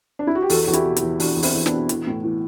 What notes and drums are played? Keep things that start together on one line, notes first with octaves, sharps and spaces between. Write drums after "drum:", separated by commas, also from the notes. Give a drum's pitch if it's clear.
D4
E4
F#4
G4
E2 F#4 A4, drum: open hi-hat
E2 F#4
E4 G4, drum: hi-hat
B2
E4 G4, drum: hi-hat
E2
E2 D4 F#4, drum: open hi-hat
E2
C4 E4, drum: open hi-hat
E2
B3 D4, drum: snare
B2
E3, drum: hi-hat
A2
E3